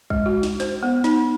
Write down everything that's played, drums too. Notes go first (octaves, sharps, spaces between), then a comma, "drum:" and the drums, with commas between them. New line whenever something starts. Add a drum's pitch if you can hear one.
G#3, drum: kick
F#4
drum: snare
C5, drum: snare
B3
D#4, drum: snare